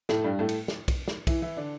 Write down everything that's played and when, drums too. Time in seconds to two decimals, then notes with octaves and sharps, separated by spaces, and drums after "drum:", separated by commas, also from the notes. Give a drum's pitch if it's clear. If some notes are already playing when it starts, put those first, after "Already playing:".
0.09 A2 A3, drum: snare
0.24 G2 G3
0.39 A2 A3
0.49 drum: cymbal
0.68 drum: snare
0.88 drum: kick, cymbal
1.08 drum: snare
1.27 E3 E4, drum: kick, cymbal
1.42 E3 E4
1.57 D3 D4